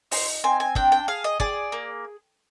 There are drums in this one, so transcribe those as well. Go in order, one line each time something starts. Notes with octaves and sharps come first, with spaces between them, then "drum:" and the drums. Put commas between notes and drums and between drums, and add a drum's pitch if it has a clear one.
D#4 C5, drum: open hi-hat
C4 G#5
G#5
D4 G5, drum: kick
G5
G#4 F5
D#5
G#4 D5, drum: kick
A#3